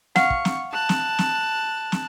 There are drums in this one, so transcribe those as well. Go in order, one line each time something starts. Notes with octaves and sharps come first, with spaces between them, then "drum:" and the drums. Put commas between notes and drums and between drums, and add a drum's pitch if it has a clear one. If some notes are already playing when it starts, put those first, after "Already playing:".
F5 F#5 C#6, drum: snare
drum: kick
drum: snare
A5 F#6
drum: snare
drum: snare
drum: snare